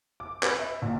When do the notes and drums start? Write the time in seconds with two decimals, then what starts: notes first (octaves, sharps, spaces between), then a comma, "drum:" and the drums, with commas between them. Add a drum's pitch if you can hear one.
0.20 D6
0.43 B4, drum: clap
0.59 E5
0.82 A#1